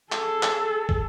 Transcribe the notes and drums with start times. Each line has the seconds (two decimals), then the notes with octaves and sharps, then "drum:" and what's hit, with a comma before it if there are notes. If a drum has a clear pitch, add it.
0.12 G#4 A4, drum: clap
0.43 drum: clap
0.89 drum: kick